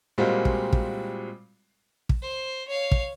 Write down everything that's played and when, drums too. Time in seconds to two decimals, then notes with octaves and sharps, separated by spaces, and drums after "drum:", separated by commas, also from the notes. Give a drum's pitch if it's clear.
0.18 A#2 G3 G#3 C4 F4 F#4
0.45 drum: kick
0.73 drum: kick
2.09 drum: kick
2.22 C5
2.68 C#5 F5
2.91 drum: kick